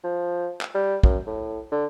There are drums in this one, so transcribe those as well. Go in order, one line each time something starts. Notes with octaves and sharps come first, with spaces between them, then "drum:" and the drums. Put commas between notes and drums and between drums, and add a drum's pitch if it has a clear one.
F3
drum: clap
G3
F#2, drum: kick
A2
D3